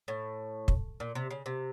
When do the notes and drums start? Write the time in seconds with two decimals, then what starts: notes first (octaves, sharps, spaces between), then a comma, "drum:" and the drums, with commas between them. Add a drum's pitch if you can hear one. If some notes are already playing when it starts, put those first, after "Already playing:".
0.08 A2
0.68 drum: kick
1.00 A#2
1.15 C3
1.30 C#3
1.46 C3